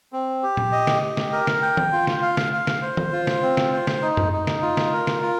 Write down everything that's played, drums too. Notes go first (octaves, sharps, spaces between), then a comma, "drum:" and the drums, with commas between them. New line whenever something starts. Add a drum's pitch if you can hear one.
C4
G4
drum: tom A#2
D#5
drum: snare
G4
drum: snare
A#4
drum: snare
G5
drum: tom D#3
F4
drum: snare
F5
drum: snare
F5
drum: snare
C5
drum: tom D#3
F4
drum: snare
C4
drum: snare
C5
drum: snare
D#4
drum: tom F#2
D#4
drum: snare
F4
drum: snare
A#4
drum: snare
F4